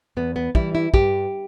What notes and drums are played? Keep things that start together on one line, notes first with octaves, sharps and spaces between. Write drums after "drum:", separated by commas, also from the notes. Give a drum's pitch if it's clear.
E2 B3
B3
E3 G3 E4, drum: kick
E4
G2 G4, drum: kick